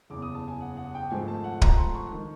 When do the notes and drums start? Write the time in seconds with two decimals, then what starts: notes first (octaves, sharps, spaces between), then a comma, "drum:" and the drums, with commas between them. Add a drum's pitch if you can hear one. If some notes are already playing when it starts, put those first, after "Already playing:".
0.10 F#1 E2 C#3 D6
0.22 D#6
0.35 A5
0.48 G#5
0.61 F#5
0.77 F#5
0.95 G5
1.10 G#1 G#2 F3 A3 C4 G#5
1.28 A5
1.44 F#5
1.62 A#5, drum: kick
1.77 C6
1.95 C#6
2.11 D#3 C#6